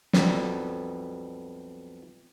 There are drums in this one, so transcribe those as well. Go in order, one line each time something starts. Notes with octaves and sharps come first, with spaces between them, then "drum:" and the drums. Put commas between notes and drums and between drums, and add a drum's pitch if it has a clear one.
B1 F2 B2 G3, drum: snare